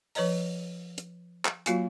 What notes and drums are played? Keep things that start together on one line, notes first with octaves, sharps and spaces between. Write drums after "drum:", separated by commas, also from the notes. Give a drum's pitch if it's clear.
F3 B4 C#5 D#5 A#5, drum: open hi-hat
drum: hi-hat
drum: clap
F#3 A#3 F4 F#4 G#5, drum: hi-hat